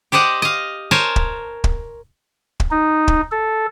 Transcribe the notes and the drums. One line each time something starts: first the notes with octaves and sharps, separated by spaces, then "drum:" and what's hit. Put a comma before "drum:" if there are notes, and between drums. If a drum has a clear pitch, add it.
G4 C5 D5 D#5 F#5
D#5 F5
A#4 C5 C#5 G#5 A5
drum: kick
drum: kick
drum: kick
D#4
drum: kick
A4